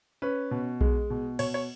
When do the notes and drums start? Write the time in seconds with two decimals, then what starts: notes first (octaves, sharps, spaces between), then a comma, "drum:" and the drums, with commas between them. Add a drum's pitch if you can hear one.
0.22 C#4 B4
0.51 B2
0.81 G#3, drum: kick B1
1.10 B2
1.39 B2 C#5, drum: cymbal
1.54 C#5